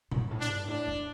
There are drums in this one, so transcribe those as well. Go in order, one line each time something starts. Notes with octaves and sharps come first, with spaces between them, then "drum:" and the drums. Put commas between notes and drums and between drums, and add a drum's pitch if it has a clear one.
G2, drum: tom A#2
A2
D4
G2
A2 D4
F2